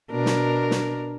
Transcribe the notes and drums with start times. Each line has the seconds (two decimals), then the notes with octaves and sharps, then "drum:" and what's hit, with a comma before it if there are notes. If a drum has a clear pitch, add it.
0.11 B2 D4 A#4
0.26 drum: snare
0.71 drum: snare